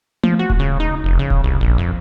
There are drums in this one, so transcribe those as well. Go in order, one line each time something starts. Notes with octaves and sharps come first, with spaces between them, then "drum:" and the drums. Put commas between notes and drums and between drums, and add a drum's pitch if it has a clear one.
F3, drum: tom A3
F#4
drum: kick D#1
C#3
D#4
F1
C#3
drum: kick D#1
C2
A#1
F2